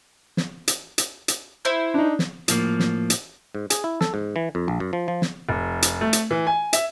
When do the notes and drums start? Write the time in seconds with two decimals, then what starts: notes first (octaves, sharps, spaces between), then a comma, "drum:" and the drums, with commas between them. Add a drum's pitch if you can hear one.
0.37 drum: snare
0.68 drum: hi-hat
0.98 drum: hi-hat
1.28 drum: hi-hat
1.65 E4 C5
1.94 D4 D#4
2.19 drum: snare
2.48 A2 F3 A#3, drum: hi-hat
2.80 drum: snare
3.10 drum: hi-hat
3.55 G#2
3.70 G#4, drum: hi-hat
3.84 E4
4.01 A4, drum: snare
4.14 G#2
4.36 E3
4.55 F2
4.68 A#1
4.80 F#2
4.93 F3
5.08 F3
5.22 drum: snare
5.49 F1
5.82 drum: hi-hat
6.01 A3
6.13 drum: hi-hat
6.31 E3
6.47 G#5
6.73 E5, drum: hi-hat